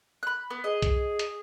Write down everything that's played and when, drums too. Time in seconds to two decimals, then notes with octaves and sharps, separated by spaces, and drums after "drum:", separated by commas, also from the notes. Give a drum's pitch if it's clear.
0.23 B5 F#6
0.50 B3
0.64 G#4 D#5
0.82 drum: kick C2, hi-hat
1.19 drum: hi-hat